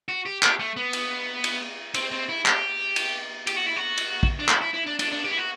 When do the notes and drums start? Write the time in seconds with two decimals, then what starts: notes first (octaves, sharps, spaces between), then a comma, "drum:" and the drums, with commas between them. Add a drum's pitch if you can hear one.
0.08 F#4
0.25 G4
0.43 G4, drum: clap
0.59 A3
0.77 B3
0.93 drum: cymbal
1.44 drum: cymbal
1.94 C4, drum: cymbal
2.11 C4
2.29 E4
2.45 G4, drum: clap
2.96 drum: cymbal
3.47 G4, drum: cymbal
3.57 F#4
3.66 E4
3.76 F#4
3.98 drum: cymbal
4.23 drum: kick
4.39 D4
4.49 E4, drum: clap
4.61 E4
4.74 E4
4.86 D4
4.99 D4, drum: cymbal
5.12 D4
5.24 G4
5.31 E4
5.37 F#4